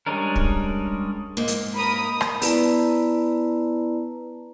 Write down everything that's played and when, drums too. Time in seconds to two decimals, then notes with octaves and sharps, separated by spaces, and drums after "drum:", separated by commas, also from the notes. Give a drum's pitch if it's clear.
0.06 G3 G#3 C#4 D4 A#4
0.36 drum: kick
1.37 G#2 A#3
1.48 drum: hi-hat
1.73 A#4 B5 D#6
2.21 drum: rim click
2.42 B3 E4 B4 D5 A5 A#5, drum: open hi-hat